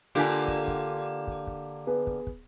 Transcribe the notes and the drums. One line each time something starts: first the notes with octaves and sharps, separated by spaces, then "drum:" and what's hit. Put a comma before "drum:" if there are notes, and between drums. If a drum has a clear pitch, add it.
D3 A#3 F4 G4 G#5
drum: kick
drum: kick
drum: kick
drum: kick
B3 G#4 B4
drum: kick
drum: kick